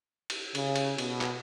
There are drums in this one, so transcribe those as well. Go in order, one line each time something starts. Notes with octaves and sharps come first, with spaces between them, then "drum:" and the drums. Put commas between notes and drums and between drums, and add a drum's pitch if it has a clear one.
drum: cymbal
C#3, drum: cymbal
drum: cymbal
B2, drum: cymbal
drum: clap